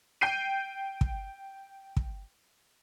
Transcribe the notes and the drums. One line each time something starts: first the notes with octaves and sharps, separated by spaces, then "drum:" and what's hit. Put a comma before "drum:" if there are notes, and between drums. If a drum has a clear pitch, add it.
G5 G6 C7 D#7
drum: kick
drum: kick